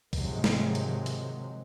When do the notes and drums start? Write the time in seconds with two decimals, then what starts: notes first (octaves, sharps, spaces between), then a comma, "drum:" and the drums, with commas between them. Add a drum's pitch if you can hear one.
0.13 G#2 C3 D#3 F3 F#3 G#3, drum: kick B1, open hi-hat
0.44 drum: snare
0.75 drum: hi-hat
1.06 drum: hi-hat